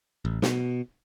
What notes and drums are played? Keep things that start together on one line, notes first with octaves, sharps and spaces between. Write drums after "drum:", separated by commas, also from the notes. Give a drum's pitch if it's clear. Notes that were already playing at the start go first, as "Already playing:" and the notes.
A1
B2, drum: snare